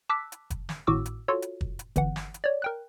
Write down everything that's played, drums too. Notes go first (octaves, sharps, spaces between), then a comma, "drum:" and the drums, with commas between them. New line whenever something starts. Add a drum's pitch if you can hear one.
A5 D6 E6 F#6 B6
drum: hi-hat
drum: kick, hi-hat
drum: snare
G#1 A2 F#4 D6 E6
drum: hi-hat
F4 F#4 A4 C#5
drum: hi-hat
drum: kick
drum: hi-hat
G1 E3 F#5, drum: kick, hi-hat
drum: snare
drum: hi-hat
C#5 D5
A#4 G5 F#6